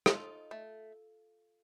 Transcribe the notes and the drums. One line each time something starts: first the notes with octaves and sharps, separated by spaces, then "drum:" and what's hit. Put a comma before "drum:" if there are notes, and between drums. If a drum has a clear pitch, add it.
D#4 F4 A4, drum: rim click
A3